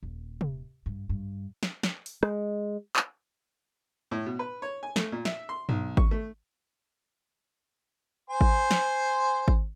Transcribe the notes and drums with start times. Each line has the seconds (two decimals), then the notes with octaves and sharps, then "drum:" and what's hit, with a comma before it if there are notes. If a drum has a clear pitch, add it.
0.03 D#1
0.41 drum: tom C3
0.86 G2
1.09 G2
1.63 drum: snare
1.83 drum: snare
2.06 drum: open hi-hat
2.23 G#3, drum: rim click
2.96 drum: clap
4.11 A2
4.26 B2
4.39 B4
4.62 C#5
4.83 G#5
4.96 A3, drum: snare
5.12 A#2
5.25 E5, drum: snare
5.49 C6
5.69 B1, drum: tom G2
5.97 C#6, drum: kick G#1
6.11 A3
8.30 C5 G#5 C6
8.41 drum: kick G#1
8.71 drum: snare
9.48 drum: kick G#1